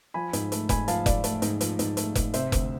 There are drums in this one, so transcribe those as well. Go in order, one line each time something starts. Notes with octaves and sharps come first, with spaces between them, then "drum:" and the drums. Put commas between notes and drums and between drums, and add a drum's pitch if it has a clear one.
F3 G#5 B5
G#2, drum: hi-hat
A3, drum: hi-hat
G#2 G#5 B5, drum: kick F1, hi-hat
F3 F5 A5, drum: hi-hat
G#2 D5 F5, drum: kick F1, hi-hat
A3, drum: hi-hat
G#2, drum: hi-hat
F3, drum: hi-hat
G#2, drum: hi-hat
A3, drum: hi-hat
G#2, drum: kick F1, hi-hat
C3 C5 E5, drum: hi-hat
D2, drum: kick F1, hi-hat